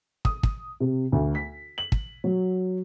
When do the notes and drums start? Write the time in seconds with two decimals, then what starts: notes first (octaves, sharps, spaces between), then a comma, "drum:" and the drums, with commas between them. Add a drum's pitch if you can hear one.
0.25 D#6, drum: kick
0.43 drum: kick
0.80 C3
1.12 D2
1.35 B6
1.78 F#7
1.92 drum: kick
2.24 F#3